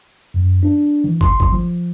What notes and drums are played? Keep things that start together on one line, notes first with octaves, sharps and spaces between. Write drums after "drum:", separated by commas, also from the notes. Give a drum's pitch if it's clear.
F#2
D4
E3
C6, drum: kick
drum: kick
F3